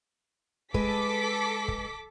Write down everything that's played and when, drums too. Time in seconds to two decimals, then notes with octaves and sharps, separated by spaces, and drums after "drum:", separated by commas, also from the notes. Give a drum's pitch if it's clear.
0.74 G#3 A4 B4 D6 B6, drum: kick
1.68 drum: kick